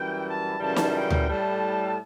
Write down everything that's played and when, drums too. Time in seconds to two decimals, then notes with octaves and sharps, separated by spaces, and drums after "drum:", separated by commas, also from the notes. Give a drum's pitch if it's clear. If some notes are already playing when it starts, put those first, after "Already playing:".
Already playing: F#2 E3 G3 G5
0.26 A5
0.59 F#2 C#3 E3 G3 A5
0.76 drum: snare
0.94 G5
1.10 drum: tom D2
1.27 A2 G3 A5